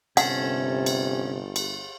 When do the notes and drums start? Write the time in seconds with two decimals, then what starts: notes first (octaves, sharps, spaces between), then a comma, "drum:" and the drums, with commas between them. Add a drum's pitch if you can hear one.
0.17 G1 C3 C#4 A4 F#5, drum: cymbal
0.86 drum: cymbal
1.56 drum: cymbal